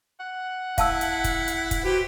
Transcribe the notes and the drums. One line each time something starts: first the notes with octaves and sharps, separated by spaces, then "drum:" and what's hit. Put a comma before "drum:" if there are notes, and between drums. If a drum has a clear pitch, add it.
F#5
E4 F5 A5 E6, drum: kick, hi-hat
drum: hi-hat
drum: kick, hi-hat
drum: hi-hat
drum: kick, hi-hat
F#4 G4 B4 C5